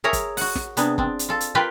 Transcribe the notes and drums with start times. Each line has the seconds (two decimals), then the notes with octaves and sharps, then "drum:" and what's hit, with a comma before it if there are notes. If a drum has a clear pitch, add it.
0.04 G#4 A#4 C#5 E5 A#5
0.13 drum: kick, hi-hat
0.37 F#4 F#5, drum: open hi-hat
0.55 drum: snare
0.77 C3 B3 D4 G#4, drum: hi-hat
0.98 C4 D4, drum: kick
1.19 drum: hi-hat
1.29 F4 A4
1.41 drum: hi-hat
1.55 F4 G4 A#4 B4 G5